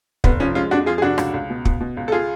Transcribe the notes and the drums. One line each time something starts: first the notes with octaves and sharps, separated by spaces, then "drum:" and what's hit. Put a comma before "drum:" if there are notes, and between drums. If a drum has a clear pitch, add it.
F1 B3, drum: kick
F3 C#4
G#3 C#4 F4
F2 D4 F#4
F3 F4 G#4
G#4
F1 D4 F#4
C#2, drum: rim click
C#2
B2
B2, drum: kick
B2
C#2
A4
F4 G#4